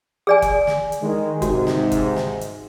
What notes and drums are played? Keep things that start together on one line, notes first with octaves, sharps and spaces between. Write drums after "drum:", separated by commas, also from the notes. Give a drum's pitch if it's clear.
G#4 D5 G#5
drum: kick F#1, hi-hat
drum: snare
drum: hi-hat
D#3 G#3
G#2 C3 F#4, drum: kick F#1, hi-hat
drum: snare
drum: kick F#1, hi-hat
drum: snare
drum: hi-hat